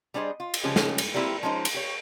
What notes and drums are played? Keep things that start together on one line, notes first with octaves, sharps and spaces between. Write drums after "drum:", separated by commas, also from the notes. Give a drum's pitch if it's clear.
G3 D4 G#4 C5 D#5
F4
drum: cymbal
C#3 F3 G#3 C#4 G4
drum: snare
drum: cymbal
G3 A#3 C4 E4 G4
F3 G#3 C#4 D#4 C5
drum: cymbal
G4 C#5